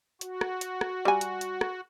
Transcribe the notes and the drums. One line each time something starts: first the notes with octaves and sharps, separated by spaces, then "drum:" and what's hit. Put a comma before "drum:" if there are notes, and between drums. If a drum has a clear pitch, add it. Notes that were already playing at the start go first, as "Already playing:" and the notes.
F#4, drum: hi-hat
drum: rim click
drum: hi-hat
drum: rim click
G3 G#5
drum: hi-hat
drum: hi-hat
drum: rim click